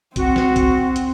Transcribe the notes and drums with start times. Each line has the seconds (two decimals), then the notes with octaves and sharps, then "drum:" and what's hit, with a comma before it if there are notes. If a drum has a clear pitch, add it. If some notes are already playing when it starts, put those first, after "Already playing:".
0.16 C4 F#4, drum: kick B1, hi-hat
0.36 drum: snare
0.56 drum: kick B1, hi-hat
0.96 drum: hi-hat